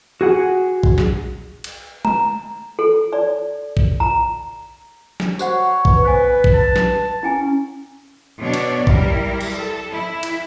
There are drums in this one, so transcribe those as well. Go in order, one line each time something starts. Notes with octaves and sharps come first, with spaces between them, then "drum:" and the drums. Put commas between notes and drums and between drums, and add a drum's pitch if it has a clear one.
F#4 G#4 F#5
drum: kick A1
drum: snare
drum: cymbal
A#5, drum: tom G#3
A4
D5
drum: kick A1
A#5
drum: snare
F#4 C5 C#5 F#5, drum: tambourine
B4, drum: kick A1
B3 C5 G#5
drum: kick A1
A5
drum: snare
C#4 E4 G5 G#5
B2 D4 C#5 D5
drum: cymbal
G3 E4 A#4, drum: kick A1
drum: cymbal
A4
E4
drum: cymbal